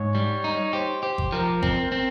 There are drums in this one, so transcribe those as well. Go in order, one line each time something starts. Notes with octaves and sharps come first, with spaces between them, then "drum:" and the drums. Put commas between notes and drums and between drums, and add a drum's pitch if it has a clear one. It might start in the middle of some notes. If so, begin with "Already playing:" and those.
Already playing: G#2 C#5
G3
D#4
G4 C5
G4 C5
drum: kick G#1
F3 A#4
C4 A#4, drum: kick G#1
C4